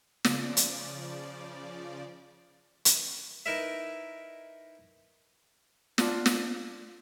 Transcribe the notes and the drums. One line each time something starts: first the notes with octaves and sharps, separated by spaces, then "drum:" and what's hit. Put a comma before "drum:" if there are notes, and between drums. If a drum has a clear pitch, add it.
C#3 F3 D5, drum: snare
drum: hi-hat
drum: hi-hat
D#4 E4 A#4 B4 E5
D4 F4 F#5, drum: snare
drum: snare